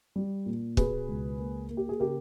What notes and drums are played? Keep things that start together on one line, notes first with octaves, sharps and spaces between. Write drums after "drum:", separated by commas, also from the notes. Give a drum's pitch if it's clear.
G3
A#2
B2 G#4 B4, drum: kick
C#2
A#3
A#3
G4
G#4
C#3 G4 A#4